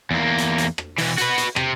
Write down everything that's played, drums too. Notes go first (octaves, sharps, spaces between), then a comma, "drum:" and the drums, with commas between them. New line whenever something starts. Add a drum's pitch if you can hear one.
E2 A#3
drum: hi-hat
drum: hi-hat
drum: rim click
B2 E3, drum: open hi-hat
F#4 B4, drum: hi-hat
drum: hi-hat
C3, drum: rim click